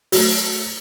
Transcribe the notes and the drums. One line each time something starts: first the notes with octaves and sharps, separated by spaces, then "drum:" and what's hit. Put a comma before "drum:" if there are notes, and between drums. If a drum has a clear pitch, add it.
F#3 A3, drum: open hi-hat